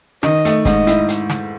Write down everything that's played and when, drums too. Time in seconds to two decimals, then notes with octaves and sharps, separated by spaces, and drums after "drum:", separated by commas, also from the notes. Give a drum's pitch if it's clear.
0.23 D#3 D#5, drum: snare
0.45 A3, drum: hi-hat
0.65 G#2 D#5, drum: kick, hi-hat
0.87 E4, drum: hi-hat
1.08 drum: hi-hat
1.30 drum: snare